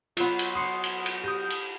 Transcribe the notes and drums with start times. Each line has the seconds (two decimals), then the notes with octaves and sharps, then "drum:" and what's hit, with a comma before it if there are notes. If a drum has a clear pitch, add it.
0.17 F#3 B3 F4 C6, drum: cymbal
0.39 drum: cymbal
0.55 C6 D#6 C7 C#7
0.84 drum: cymbal
1.06 drum: cymbal
1.24 G4 D#6 G6 A#6
1.50 drum: cymbal